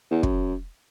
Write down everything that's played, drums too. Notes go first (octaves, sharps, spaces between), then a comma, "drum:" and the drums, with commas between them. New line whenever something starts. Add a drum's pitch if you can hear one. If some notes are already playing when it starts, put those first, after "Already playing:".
E2
F#2, drum: kick